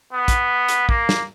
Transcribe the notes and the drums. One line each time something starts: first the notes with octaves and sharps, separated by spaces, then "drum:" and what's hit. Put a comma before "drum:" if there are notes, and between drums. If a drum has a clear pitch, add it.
B3
drum: kick, hi-hat
drum: hi-hat
A#3, drum: kick
drum: snare